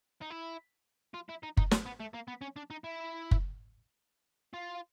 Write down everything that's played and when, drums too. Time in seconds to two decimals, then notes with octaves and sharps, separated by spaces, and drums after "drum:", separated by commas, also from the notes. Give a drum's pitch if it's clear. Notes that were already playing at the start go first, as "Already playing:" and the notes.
0.21 D#4
0.30 E4
1.14 F4
1.29 E4
1.43 D#4
1.57 D#4, drum: kick
1.71 B3, drum: snare
1.86 B3
2.00 A3
2.14 A#3
2.28 B3
2.41 C#4
2.56 D4
2.70 D#4
2.84 E4
3.31 drum: kick
4.54 F4